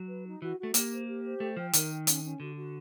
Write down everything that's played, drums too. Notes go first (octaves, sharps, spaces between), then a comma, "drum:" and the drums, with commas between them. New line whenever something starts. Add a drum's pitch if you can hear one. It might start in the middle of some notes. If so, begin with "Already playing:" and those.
Already playing: F#3
B4
D#4
E3 F#4
F#4
A3
A#3 G4, drum: hi-hat
C5
G4
C5
A3 G5
F3 G5
D#3 A#4, drum: hi-hat
G5
C#4, drum: hi-hat
C#4
D3 F#4
F#4